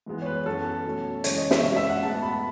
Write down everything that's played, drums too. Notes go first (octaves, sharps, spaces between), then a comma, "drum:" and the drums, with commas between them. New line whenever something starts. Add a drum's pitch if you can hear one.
G#2 E3 G#3 B3
C#5
B4
F#2 E3 B3 A4
B2 A3 C#4
F#2 C#3 E3 G#3 C#5, drum: hi-hat
D#5
E5, drum: snare
C#3 G#3 C#4 E5
E5
F#5
A2 G#3 B3 A5
B5